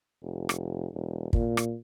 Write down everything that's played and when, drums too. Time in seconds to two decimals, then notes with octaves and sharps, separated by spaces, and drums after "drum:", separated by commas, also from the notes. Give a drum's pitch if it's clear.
0.22 F1
0.49 drum: rim click
0.94 E1
1.33 A#2, drum: kick
1.57 drum: rim click